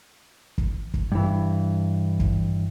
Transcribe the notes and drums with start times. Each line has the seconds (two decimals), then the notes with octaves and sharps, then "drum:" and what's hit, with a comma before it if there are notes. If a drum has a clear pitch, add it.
0.58 drum: kick
0.94 drum: kick
1.12 G2 E3
2.20 drum: kick